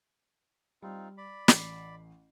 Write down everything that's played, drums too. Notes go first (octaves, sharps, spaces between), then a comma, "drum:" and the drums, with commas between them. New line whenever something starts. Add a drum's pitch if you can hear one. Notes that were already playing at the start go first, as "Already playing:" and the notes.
G3 C4 D#4 F4
D5 B5
A1 C7, drum: snare